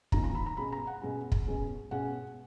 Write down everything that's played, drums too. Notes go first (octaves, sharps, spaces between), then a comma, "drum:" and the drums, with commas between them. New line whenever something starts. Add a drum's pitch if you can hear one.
F2 D#3 A#3 C#4 A#5, drum: kick
A#5
B5
A#5
B2 G#3 C#4 B5
A#5
F#5
B2 G#3 C#4
drum: kick
B2 G#3 C#4
B2 G#3 C#4 F#5